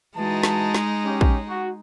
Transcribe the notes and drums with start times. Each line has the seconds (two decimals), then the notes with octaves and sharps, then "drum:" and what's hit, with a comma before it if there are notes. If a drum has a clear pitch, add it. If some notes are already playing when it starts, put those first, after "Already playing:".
0.17 E3 G#3 D#4 F#4 A5
0.43 drum: snare
0.74 drum: snare
1.06 C#4 G4
1.21 drum: kick
1.49 F#4